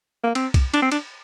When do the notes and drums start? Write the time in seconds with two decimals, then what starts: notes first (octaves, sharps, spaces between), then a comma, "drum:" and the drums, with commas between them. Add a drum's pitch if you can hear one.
0.24 A#3
0.35 C4, drum: cymbal
0.54 drum: kick C2, cymbal
0.74 D4, drum: cymbal
0.82 C4
0.92 D4, drum: cymbal